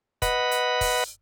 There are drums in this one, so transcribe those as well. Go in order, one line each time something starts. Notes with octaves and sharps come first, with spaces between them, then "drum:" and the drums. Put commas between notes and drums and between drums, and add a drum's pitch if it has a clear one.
B4 D#5 F#5 B5, drum: kick, hi-hat
drum: hi-hat
drum: kick, open hi-hat